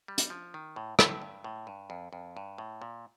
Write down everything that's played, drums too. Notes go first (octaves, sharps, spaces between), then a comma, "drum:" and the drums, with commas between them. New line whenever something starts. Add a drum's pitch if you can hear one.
G3
drum: hi-hat
F3
D#3
A2
A2, drum: rim click
G2
A2
G2
F2
F2
G2
A2
A#2